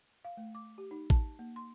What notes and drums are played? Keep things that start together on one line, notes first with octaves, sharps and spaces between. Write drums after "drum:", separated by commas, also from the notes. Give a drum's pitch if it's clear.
F5
A3
D6
G4
D#4
A5, drum: kick A1
A#3
C6